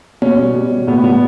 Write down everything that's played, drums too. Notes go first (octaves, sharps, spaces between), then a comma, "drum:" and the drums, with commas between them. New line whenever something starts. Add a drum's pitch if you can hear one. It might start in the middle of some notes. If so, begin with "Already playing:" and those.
B2 C#4, drum: tom A#3
G3
B2
G3
A2 B3
G3 B3